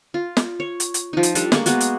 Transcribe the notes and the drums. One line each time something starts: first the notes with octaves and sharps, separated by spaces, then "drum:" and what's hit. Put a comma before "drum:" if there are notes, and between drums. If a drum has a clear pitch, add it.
F4
drum: snare
C#5
drum: hi-hat
drum: hi-hat
F3 D#4
drum: hi-hat
G3 D4 A4, drum: hi-hat
G#3 A#3 C#6, drum: snare
G#3 A#3 B3 F#4, drum: hi-hat
drum: hi-hat